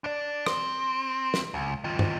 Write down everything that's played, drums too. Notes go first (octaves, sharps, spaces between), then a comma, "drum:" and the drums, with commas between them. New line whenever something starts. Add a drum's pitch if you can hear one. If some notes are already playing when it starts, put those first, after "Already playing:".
D4 D5
C4, drum: rim click
drum: snare
C#2
D#3 F4
drum: tom